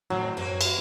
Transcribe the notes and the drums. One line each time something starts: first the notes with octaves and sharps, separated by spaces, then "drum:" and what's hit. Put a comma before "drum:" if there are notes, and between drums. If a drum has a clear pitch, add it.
A2 D3 F#3 A3 C4
F#2 A#3 C4 F#4 B4 C#5
drum: cymbal